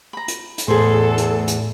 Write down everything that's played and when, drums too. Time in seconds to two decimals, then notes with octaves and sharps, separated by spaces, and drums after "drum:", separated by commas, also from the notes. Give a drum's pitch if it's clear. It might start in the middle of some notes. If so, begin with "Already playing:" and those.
0.13 A#5 B5
0.28 drum: hi-hat
0.58 drum: hi-hat
0.68 E2 A2 G#4 A4 B4 C5
1.18 drum: hi-hat
1.48 drum: hi-hat